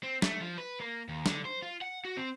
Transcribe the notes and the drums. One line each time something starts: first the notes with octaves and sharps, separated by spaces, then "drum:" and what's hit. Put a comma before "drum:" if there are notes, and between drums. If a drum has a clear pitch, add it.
C4
A3, drum: snare
F3
B4
A#3
D#2
D3, drum: snare
C5
F4
F#5
F#4
C4